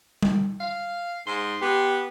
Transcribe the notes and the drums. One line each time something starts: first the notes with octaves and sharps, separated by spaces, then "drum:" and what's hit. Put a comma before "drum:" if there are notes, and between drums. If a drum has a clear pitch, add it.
drum: tom G3
F5
G#2 C6
B3 G4